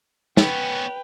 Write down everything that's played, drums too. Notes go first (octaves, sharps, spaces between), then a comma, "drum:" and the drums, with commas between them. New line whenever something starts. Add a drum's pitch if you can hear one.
B3 C#4 B4 G5, drum: snare